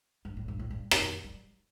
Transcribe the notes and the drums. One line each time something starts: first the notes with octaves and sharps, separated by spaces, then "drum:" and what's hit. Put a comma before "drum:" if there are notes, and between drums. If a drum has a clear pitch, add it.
G2
A2
G2
A2
G2
B2, drum: rim click
G3